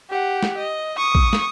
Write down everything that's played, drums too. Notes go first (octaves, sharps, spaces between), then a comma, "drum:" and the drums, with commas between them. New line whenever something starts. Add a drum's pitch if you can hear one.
G4 F#5
drum: snare
D#5
C#6 D#6
drum: kick A#1
drum: snare